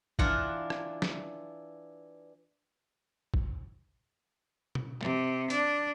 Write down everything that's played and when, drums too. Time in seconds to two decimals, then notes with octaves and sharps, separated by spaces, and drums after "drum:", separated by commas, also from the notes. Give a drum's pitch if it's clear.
0.19 E3 D4 F4 F#5 A#5, drum: kick
0.70 drum: rim click
1.02 drum: snare
3.34 drum: kick
4.75 drum: tom B2
5.01 C3, drum: clap
5.50 D4, drum: hi-hat